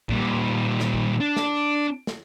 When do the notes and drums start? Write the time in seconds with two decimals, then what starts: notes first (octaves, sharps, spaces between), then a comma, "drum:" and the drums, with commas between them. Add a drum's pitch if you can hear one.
0.09 A#2 G3, drum: kick
0.80 drum: snare
0.94 drum: kick
1.21 D4
1.36 drum: snare
2.07 drum: snare